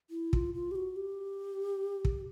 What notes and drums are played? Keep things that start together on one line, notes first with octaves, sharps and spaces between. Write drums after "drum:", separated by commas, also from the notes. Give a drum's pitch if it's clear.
E4
F4, drum: kick
F4
G4
F#4
G4
drum: kick